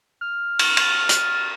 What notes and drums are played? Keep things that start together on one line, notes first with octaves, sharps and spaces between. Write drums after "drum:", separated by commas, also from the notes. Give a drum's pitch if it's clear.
F6
drum: cymbal
drum: cymbal
drum: hi-hat